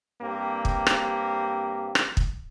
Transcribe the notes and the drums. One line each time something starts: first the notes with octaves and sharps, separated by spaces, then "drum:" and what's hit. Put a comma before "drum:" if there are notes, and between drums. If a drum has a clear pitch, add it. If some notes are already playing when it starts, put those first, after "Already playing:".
G2 A#3 C4 G4
drum: kick
drum: rim click
drum: rim click
drum: kick